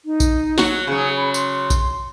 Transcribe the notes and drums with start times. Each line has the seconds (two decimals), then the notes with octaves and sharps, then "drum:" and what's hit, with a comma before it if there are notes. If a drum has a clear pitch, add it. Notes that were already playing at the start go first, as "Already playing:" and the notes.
0.05 D#4
0.20 drum: kick A#1, tambourine
0.58 F#3 F#4, drum: snare
0.87 C#3 F#3 G#4
1.17 B5
1.34 C6, drum: tambourine
1.70 drum: kick A#1, tambourine